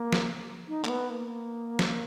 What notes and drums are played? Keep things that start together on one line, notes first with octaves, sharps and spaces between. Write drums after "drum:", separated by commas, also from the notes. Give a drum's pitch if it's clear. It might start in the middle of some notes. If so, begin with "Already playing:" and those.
Already playing: A#3
drum: snare
D#4
A#3, drum: clap
B3
A#3
drum: snare